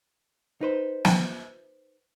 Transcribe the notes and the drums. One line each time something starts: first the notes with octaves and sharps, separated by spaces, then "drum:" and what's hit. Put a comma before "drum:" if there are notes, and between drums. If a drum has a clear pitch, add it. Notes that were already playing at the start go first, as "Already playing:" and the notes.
D#4 B4 C5
drum: snare